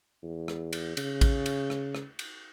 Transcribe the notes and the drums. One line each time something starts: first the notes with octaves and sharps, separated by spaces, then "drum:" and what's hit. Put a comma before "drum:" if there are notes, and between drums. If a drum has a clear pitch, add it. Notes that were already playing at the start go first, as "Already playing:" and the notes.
E2
drum: rim click
drum: cymbal
C#3, drum: cymbal
drum: kick A1, cymbal
drum: cymbal
drum: rim click
drum: rim click
drum: cymbal